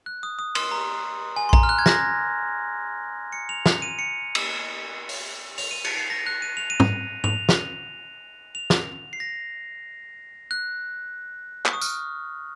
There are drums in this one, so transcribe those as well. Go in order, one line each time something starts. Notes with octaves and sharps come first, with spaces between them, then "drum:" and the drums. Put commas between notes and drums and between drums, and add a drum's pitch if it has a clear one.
F#6
D#6
D#6
C6, drum: cymbal
A#5
G#5
C6
A#5, drum: kick A#1
F6
F#6
G#6
A#6, drum: snare
C#7
F7
F7, drum: snare
D#7
C#7
drum: cymbal
drum: open hi-hat
F7, drum: open hi-hat
D#7
C#7, drum: cymbal
C7
A#6
F#6
D#7
F7
D#7
drum: tom G#2
F7, drum: tom G#2
drum: snare
F7
drum: snare
C7
A#6
F#6
C#6, drum: clap
D#6
F6, drum: tambourine